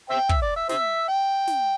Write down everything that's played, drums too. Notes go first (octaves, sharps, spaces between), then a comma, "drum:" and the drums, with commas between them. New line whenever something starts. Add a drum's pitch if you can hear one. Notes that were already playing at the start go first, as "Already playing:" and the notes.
C5 E5 G5
E5, drum: kick
D5
E5
C5 E5, drum: snare
G5
drum: snare